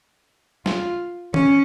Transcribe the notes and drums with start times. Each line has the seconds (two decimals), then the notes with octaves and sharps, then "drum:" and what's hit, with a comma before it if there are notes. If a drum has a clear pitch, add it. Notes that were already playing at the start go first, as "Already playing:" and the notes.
0.66 F4, drum: snare
1.34 C#4, drum: tom D#3